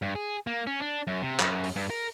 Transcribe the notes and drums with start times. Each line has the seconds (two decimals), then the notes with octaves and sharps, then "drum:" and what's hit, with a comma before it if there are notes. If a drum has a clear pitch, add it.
0.02 G2
0.15 G#4
0.47 A#3
0.67 C#4
0.81 D4
1.07 F#2
1.22 C3
1.39 F#2, drum: clap
1.64 drum: open hi-hat
1.76 G2
1.90 A#4